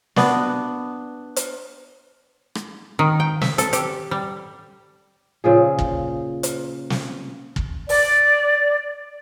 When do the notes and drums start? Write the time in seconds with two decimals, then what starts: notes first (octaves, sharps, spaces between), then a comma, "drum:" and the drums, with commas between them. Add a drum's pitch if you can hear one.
0.16 B3 D4 F#4, drum: snare
1.36 drum: hi-hat
2.55 drum: rim click
2.99 D#3
3.20 G5
3.41 E5, drum: snare
3.58 A4, drum: hi-hat
3.73 G4, drum: hi-hat
4.11 G3
5.44 A#2 C#3 F3 G#4
5.79 drum: kick
6.43 drum: hi-hat
6.90 drum: snare
7.56 drum: kick
7.89 D5, drum: open hi-hat